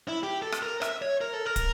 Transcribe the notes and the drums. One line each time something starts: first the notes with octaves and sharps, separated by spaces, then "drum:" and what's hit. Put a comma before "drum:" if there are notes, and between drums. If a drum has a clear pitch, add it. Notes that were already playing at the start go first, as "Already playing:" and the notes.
E4
G4
A4
drum: rim click
A#4
E5, drum: rim click
C#5
A#4
A4
A#4
drum: kick, hi-hat